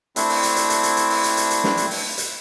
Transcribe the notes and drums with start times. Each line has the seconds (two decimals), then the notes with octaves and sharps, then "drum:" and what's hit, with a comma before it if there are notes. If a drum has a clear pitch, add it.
0.16 A3 C4 D4 E4, drum: hi-hat
0.29 drum: open hi-hat
0.43 drum: hi-hat
0.56 drum: hi-hat
0.70 drum: hi-hat
0.83 drum: hi-hat
0.97 drum: hi-hat
1.10 drum: open hi-hat
1.24 drum: hi-hat
1.37 drum: hi-hat
1.50 drum: hi-hat
1.64 drum: snare
1.77 drum: hi-hat
1.91 drum: open hi-hat
2.18 drum: hi-hat